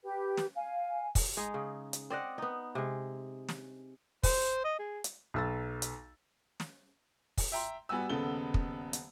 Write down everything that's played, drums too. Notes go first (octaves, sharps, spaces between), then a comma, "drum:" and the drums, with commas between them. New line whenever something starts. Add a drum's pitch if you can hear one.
G4 B4
drum: snare
F5 G#5
drum: kick, open hi-hat
G#3 D#4
C#3
drum: hi-hat
C4 D5 D#5 F#5
B3 D#4
C3 G#3
drum: snare
C5, drum: kick, open hi-hat
D#5
G#4
drum: hi-hat
B1 E6 A6
drum: hi-hat
drum: snare
drum: kick, open hi-hat
E5 G5 A#5 C6
G3 B3 F#4 G#5 E6
D#1 C#3 B3 A4 G7
drum: kick
drum: hi-hat